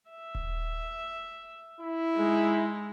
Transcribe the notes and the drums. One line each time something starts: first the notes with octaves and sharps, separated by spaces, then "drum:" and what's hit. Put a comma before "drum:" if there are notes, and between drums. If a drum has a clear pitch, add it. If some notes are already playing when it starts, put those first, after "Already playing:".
E5
drum: kick D#1
E4
G#3 D#4